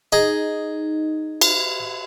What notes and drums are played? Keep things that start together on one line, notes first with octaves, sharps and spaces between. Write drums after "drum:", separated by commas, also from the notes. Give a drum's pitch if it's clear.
D#4 G#4 D#5
drum: cymbal